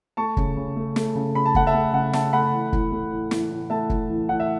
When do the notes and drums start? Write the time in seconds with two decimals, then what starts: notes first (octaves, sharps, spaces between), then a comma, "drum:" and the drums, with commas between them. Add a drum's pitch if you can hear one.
0.17 A3 A5 C#6
0.37 C#3, drum: kick
0.57 C#3
0.76 A3
0.96 A3, drum: snare
1.15 C#3
1.35 C#3 B5
1.46 A5
1.55 A3 F#5, drum: kick
1.67 E5 A5
1.74 A3
1.93 C#3 F#5
2.13 C#3 E5 A5, drum: snare
2.33 A3 F#5 B5
2.53 E3
2.73 A2, drum: kick
2.92 A3
3.12 A2
3.31 E3, drum: snare
3.50 A2
3.70 A3 E5 A5
3.90 A2, drum: kick
4.09 E3
4.29 A2 F#5
4.40 E5